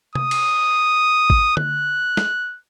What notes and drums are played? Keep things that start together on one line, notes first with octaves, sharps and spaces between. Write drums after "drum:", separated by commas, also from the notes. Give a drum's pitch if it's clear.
D#6, drum: tom C3
drum: cymbal
drum: kick A1
F#6, drum: tom D3
drum: snare